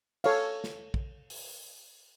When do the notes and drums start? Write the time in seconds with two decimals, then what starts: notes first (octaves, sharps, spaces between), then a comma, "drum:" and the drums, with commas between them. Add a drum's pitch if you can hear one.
0.24 A4 C#5 F5, drum: cymbal
0.64 drum: snare
0.94 drum: kick
1.30 drum: open hi-hat